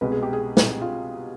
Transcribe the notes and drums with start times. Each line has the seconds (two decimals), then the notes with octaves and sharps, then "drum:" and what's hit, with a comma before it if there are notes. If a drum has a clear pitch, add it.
0.01 C2 B2 G#3 B4
0.12 G#4
0.22 G4
0.33 G#4
0.57 drum: snare
0.81 F4